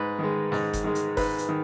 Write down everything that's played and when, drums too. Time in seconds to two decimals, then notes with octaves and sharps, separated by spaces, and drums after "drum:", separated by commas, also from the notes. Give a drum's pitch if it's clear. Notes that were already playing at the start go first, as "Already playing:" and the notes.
Already playing: G#2 B4
0.19 D#3 G#3
0.52 G#2, drum: snare
0.73 drum: kick F#1, hi-hat
0.84 D#3 G#3
0.95 drum: hi-hat
1.17 G#2 B4, drum: kick F#1, open hi-hat
1.38 drum: hi-hat
1.49 D#3